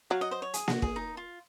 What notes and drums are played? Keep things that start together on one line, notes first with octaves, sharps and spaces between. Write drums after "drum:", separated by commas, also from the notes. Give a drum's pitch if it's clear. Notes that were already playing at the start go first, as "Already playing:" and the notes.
F#3 C#5 F5
D#5 F#5
C5 D#5
C#5
G#4, drum: hi-hat
F#4, drum: snare A#3
G#4, drum: kick
D#4
F4